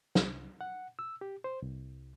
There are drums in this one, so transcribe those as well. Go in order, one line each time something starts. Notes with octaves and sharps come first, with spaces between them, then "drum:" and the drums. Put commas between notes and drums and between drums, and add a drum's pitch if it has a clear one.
C2, drum: snare
F#5
E6
G4
C5
C2